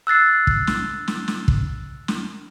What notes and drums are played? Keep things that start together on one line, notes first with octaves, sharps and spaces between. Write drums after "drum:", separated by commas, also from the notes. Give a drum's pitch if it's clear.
E6 F#6 A6 C7
drum: kick
drum: snare
drum: snare
drum: snare
drum: kick
drum: snare